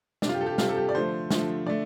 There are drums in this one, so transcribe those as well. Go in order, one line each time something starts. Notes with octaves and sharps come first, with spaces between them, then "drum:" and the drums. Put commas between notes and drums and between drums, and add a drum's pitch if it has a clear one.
C3 G3 D4, drum: snare
F4
G4
A4
G4
C3 G3 F4, drum: snare
A4
G4
D5
D3 F3 A3 C5
D3 F3 A3, drum: snare
D3 A3 D5